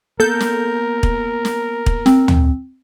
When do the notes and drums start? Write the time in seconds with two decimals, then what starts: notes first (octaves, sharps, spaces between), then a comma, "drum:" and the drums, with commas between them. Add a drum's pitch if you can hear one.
0.20 A#3 B3 A4 A#4 G6
0.40 drum: snare
1.03 drum: kick
1.45 drum: snare
1.86 drum: kick
2.06 C4, drum: snare
2.28 drum: tom